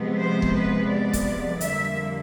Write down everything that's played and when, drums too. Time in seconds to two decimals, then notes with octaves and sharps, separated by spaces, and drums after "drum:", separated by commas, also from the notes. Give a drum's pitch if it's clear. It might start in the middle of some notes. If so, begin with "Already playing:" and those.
Already playing: C3 F3 G#3 B3
0.18 C5
0.42 drum: kick
0.54 B4
0.90 D5
1.13 drum: kick, hi-hat
1.61 F2 D3 G3 A#3 E5, drum: hi-hat